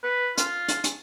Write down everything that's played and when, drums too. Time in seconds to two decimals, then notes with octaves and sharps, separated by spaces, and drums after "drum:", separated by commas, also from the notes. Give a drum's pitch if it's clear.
0.04 B4
0.38 F4, drum: hi-hat
0.68 drum: hi-hat
0.84 drum: hi-hat